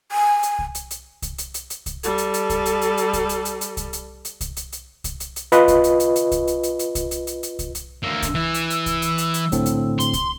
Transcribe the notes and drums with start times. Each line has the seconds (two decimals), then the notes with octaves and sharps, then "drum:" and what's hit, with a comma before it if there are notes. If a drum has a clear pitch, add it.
0.12 G#5
0.43 drum: hi-hat
0.59 drum: kick C2
0.75 drum: hi-hat
0.91 drum: hi-hat
1.22 drum: kick C2, hi-hat
1.38 drum: hi-hat
1.54 drum: hi-hat
1.70 drum: hi-hat
1.86 drum: kick C2, hi-hat
2.03 G3 A4, drum: hi-hat
2.18 drum: hi-hat
2.34 drum: hi-hat
2.50 drum: kick C2, hi-hat
2.66 drum: hi-hat
2.81 drum: hi-hat
2.97 drum: hi-hat
3.13 drum: kick C2, hi-hat
3.29 drum: hi-hat
3.45 drum: hi-hat
3.61 drum: hi-hat
3.77 drum: kick C2, hi-hat
3.93 drum: hi-hat
4.25 drum: hi-hat
4.41 drum: kick C2, hi-hat
4.56 drum: hi-hat
4.72 drum: hi-hat
5.04 drum: kick C2, hi-hat
5.20 drum: hi-hat
5.36 drum: hi-hat
5.52 F4 B4 D#5, drum: hi-hat
5.68 drum: kick C2, hi-hat
5.84 drum: hi-hat
6.00 drum: hi-hat
6.16 drum: hi-hat
6.32 drum: kick C2, hi-hat
6.47 drum: hi-hat
6.63 drum: hi-hat
6.79 drum: hi-hat
6.95 drum: kick C2, hi-hat
7.11 drum: hi-hat
7.27 drum: hi-hat
7.43 drum: hi-hat
7.59 drum: kick C2, hi-hat
7.75 drum: hi-hat
8.03 D2 A#3 E6
8.22 drum: kick C2, hi-hat
8.35 E3
8.54 drum: hi-hat
8.70 drum: hi-hat
8.86 drum: kick C2, hi-hat
9.02 drum: hi-hat
9.18 drum: hi-hat
9.34 drum: hi-hat
9.52 A2 D3 C4, drum: kick C2, hi-hat
9.66 drum: hi-hat
10.00 C6, drum: hi-hat
10.13 drum: kick C2, hi-hat